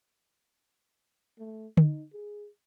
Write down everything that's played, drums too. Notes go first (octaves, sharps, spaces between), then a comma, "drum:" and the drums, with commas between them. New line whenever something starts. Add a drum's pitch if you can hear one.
A3
D#4, drum: tom D3
G#4